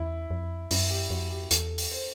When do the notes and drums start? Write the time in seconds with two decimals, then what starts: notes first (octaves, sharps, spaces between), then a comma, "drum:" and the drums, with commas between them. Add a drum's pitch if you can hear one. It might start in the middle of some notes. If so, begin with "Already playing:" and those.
Already playing: E2 E4
0.30 F2
0.71 F#2 E4, drum: open hi-hat
0.91 G4
1.10 F2 F#4
1.30 G4
1.51 E2 A4, drum: hi-hat
1.78 drum: open hi-hat
1.92 C5